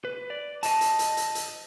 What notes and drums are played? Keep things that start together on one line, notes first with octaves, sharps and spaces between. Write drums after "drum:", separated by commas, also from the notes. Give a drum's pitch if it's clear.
B4
D5
D#5 A5, drum: hi-hat
drum: hi-hat
drum: hi-hat
drum: hi-hat
drum: hi-hat